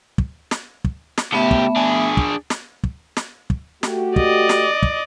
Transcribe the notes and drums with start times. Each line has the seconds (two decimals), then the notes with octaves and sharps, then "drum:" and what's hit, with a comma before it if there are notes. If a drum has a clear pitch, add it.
0.18 drum: kick
0.51 drum: snare
0.84 drum: kick
1.18 drum: snare
1.32 C#2 A3 B3 G4 E5
1.51 drum: kick
1.76 D4 G#4
2.17 drum: kick
2.50 drum: snare
2.84 drum: kick
3.17 drum: snare
3.50 drum: kick
3.83 A3 F#4 G4, drum: snare
4.16 D5 D#5, drum: kick
4.49 drum: snare
4.83 drum: kick